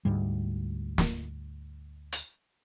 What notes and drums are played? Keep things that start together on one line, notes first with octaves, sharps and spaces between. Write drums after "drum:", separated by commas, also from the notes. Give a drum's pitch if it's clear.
D2 G#2 G3
drum: snare
drum: hi-hat